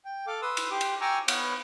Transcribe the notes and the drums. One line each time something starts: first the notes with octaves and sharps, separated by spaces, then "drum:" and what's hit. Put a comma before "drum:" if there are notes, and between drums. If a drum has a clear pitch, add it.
G5
A4 F5 D6
B4 C6 D#6 E6
drum: cymbal
G4 C6 D6
drum: cymbal
G5 G#5 A#5 C#6 D6 E6
B3 B4 C#5 F5 F#5, drum: cymbal